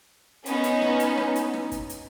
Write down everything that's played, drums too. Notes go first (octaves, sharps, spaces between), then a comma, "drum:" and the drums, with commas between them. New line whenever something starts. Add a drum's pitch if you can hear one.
B3 C#4 D#4, drum: hi-hat
drum: hi-hat
drum: snare
drum: hi-hat
drum: snare
drum: hi-hat
drum: snare
drum: kick, hi-hat
drum: hi-hat